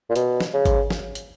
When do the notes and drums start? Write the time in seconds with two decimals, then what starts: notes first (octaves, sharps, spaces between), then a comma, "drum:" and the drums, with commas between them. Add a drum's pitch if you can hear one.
0.10 A#2
0.16 B2, drum: hi-hat
0.40 drum: snare
0.54 C#3
0.65 drum: kick G#1, hi-hat
0.90 drum: snare
1.15 drum: hi-hat